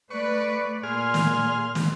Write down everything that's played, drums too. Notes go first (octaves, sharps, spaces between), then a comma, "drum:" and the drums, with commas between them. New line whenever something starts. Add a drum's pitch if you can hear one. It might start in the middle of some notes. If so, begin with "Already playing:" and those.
A3 B4 D5 C#6
A#2 G#4 C6 F6
drum: snare
drum: snare